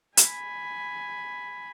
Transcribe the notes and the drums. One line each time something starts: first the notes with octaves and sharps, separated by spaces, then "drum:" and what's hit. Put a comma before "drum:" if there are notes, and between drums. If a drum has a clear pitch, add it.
G#5 B5, drum: hi-hat